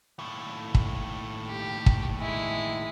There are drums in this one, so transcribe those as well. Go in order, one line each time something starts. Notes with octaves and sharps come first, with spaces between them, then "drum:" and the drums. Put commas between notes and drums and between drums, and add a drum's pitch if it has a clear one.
D#2 A2
drum: kick
G4
drum: kick
G#3 E4